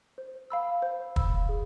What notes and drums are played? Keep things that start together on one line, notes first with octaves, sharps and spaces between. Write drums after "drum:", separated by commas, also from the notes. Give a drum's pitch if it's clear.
C5
F5 B5 E6
C5
F5 B5 E6, drum: kick
G#4